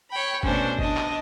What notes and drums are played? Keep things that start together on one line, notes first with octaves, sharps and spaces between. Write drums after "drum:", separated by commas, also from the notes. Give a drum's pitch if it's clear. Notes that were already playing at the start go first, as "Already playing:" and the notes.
C#5 G5 B5
B2 A3 C#4 D4 C5, drum: kick
D4 D#5, drum: kick
drum: clap